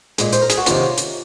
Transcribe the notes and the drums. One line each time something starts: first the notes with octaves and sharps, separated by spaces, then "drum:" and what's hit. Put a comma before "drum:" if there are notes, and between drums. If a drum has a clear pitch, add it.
A#2 G#3, drum: hi-hat
C5, drum: hi-hat
A#4
G#4, drum: hi-hat
F#4
C3 D#3 A#3 C#4 F4, drum: hi-hat
drum: hi-hat